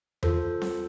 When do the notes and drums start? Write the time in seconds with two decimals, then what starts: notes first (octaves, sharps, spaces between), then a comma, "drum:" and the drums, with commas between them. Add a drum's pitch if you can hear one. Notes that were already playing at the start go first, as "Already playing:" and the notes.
0.23 F4 A4 C5, drum: tom E2
0.62 drum: snare C4